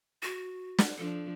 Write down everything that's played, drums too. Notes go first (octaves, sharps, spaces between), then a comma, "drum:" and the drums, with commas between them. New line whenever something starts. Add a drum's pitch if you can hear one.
F#4
drum: snare
F3 D4 A4